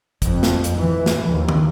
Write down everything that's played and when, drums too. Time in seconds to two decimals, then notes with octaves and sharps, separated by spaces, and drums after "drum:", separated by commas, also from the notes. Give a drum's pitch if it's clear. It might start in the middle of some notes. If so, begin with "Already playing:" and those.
0.22 F2, drum: kick, hi-hat
0.43 drum: snare
0.64 drum: hi-hat
0.79 E3
1.06 drum: snare
1.28 D#2
1.49 drum: tom